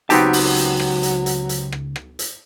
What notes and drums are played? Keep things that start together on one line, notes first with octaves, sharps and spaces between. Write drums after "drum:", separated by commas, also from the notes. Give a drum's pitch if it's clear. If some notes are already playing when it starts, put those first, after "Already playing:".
C#2 F#3 B3 C4 D#4 G4 A5, drum: hi-hat
drum: open hi-hat
drum: hi-hat
drum: rim click
drum: hi-hat
drum: hi-hat
drum: hi-hat
drum: rim click
drum: rim click
drum: hi-hat